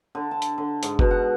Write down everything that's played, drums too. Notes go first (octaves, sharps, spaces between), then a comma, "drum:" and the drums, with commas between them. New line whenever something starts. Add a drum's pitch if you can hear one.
D3
A5
drum: hi-hat
D3
G#2, drum: hi-hat
B2, drum: kick F#1
F#5